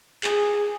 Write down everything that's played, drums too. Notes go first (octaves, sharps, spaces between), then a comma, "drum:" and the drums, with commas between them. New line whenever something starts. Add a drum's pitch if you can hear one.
G#4, drum: clap